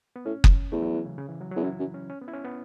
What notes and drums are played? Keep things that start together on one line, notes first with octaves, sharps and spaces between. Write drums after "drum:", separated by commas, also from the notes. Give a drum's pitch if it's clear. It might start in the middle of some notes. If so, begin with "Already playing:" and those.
B3
A2 C#4
drum: kick F#1
E2 A3
F#3
E3
C#3
C#3
E3
F#3
F#3
E2
F#2 E4
F#2
C#4
C#4
B3
E4
C#4
B3